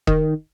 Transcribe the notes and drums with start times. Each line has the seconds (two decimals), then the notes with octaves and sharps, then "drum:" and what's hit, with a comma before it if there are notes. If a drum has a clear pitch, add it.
0.07 D#3, drum: kick E1